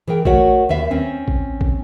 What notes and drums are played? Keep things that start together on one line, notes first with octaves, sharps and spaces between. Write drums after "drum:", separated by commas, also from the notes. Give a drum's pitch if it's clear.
E3 G#4 A#4 G5
A3 F#4 A#4 C#5 F#5, drum: kick A1
D#2 B4 E5 F5
C4 C#4
drum: kick A1
drum: kick A1